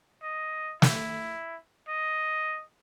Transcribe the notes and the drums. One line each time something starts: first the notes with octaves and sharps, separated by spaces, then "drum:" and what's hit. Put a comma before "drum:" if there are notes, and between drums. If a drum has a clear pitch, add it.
D#5
E4, drum: snare
D#5